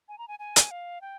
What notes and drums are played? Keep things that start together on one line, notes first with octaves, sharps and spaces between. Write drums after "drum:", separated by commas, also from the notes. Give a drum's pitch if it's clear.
G#5
A#5
G#5
G#5
drum: hi-hat
F5
G5